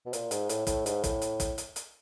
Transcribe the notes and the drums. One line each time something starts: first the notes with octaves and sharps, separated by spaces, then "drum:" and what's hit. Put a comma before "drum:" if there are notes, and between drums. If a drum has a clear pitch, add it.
B2
A#2, drum: hi-hat
G#2, drum: hi-hat
A2, drum: hi-hat
A2, drum: kick, hi-hat
G#2, drum: hi-hat
A2, drum: kick, hi-hat
drum: hi-hat
drum: kick, hi-hat
drum: hi-hat
drum: hi-hat